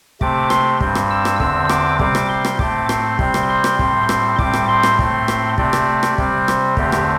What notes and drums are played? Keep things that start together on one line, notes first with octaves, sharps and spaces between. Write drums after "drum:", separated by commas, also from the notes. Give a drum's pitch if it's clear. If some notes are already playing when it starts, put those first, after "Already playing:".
C3 A3 C4 D6, drum: kick
C6, drum: rim click
G2 G3 C4, drum: kick
drum: rim click
E6
drum: rim click
E2 D3 C4 E6, drum: kick
D6, drum: rim click
C3 G3 C4 D6, drum: kick
drum: rim click
C6
drum: rim click
A2 A3 C4 D6, drum: kick
C6, drum: rim click
C3 G3 C4, drum: kick
drum: rim click
C6
drum: rim click
A2 G3 C4, drum: kick
C6, drum: rim click
A2 G3 C4 D6, drum: kick
drum: rim click
C6
drum: rim click
A2 A3 C4, drum: kick
drum: rim click
C3 A3 C4 D5, drum: kick
drum: rim click
drum: rim click
C3 G3 C4, drum: kick
C5, drum: rim click
E2 D3 A3 C4 G4, drum: kick
drum: rim click